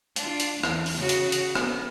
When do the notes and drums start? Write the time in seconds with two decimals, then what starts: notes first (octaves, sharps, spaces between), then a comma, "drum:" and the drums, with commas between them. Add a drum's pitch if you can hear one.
0.16 D4 F4, drum: hi-hat
0.40 drum: hi-hat
0.64 E2, drum: rim click
0.86 drum: open hi-hat
0.97 C#3 F#4
1.09 drum: hi-hat
1.32 drum: hi-hat
1.55 B3, drum: rim click